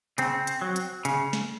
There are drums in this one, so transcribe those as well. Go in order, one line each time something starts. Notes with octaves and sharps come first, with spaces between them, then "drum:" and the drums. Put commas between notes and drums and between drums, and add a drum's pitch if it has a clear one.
C#3 C4, drum: hi-hat
drum: hi-hat
F#3
drum: hi-hat
C#3, drum: hi-hat
drum: snare